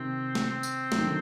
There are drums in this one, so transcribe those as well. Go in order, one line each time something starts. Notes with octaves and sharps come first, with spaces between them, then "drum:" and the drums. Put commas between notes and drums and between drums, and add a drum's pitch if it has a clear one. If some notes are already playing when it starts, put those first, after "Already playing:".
Already playing: C3 D#3 C4
drum: snare
C4
drum: tambourine
F#3, drum: snare
D#3
D3